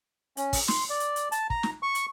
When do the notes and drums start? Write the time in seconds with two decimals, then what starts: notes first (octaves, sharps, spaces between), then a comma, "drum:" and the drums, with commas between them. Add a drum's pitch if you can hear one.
0.37 C#4, drum: hi-hat
0.53 drum: kick, open hi-hat
0.68 C6, drum: snare
0.90 D5
1.00 drum: hi-hat
1.16 drum: hi-hat
1.32 A5, drum: hi-hat
1.50 A#5, drum: kick
1.63 drum: snare
1.83 C#6
1.95 drum: hi-hat